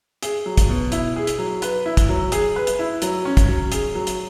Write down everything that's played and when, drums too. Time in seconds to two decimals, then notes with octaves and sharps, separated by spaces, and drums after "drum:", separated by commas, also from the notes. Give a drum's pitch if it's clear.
0.23 G#4, drum: hi-hat
0.46 F#3
0.57 drum: kick, hi-hat
0.69 B2
0.92 E4, drum: hi-hat
1.16 G#4
1.27 drum: hi-hat
1.38 F#3
1.62 B4, drum: hi-hat
1.86 E4
1.97 drum: kick, hi-hat
2.09 F#3
2.32 G#4, drum: hi-hat
2.56 B4
2.67 drum: hi-hat
2.79 E4
3.02 F#3, drum: hi-hat
3.25 C#4
3.37 drum: kick, hi-hat
3.48 F#3
3.72 G#4, drum: hi-hat
3.95 F#3
4.07 drum: hi-hat